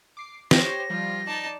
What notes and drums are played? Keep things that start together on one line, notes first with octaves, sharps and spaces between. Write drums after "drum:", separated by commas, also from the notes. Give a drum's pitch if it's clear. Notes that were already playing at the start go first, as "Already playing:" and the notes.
D6 C7
G4 C5 C#5 A#6, drum: snare
F3 G3 F4
D#4 D5 A5